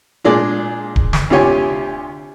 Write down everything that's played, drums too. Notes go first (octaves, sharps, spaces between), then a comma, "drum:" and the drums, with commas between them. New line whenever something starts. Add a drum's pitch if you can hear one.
A#2 G#3 D4 F4
drum: kick D1
drum: snare
D2 C3 F4 G4 C#5 G#5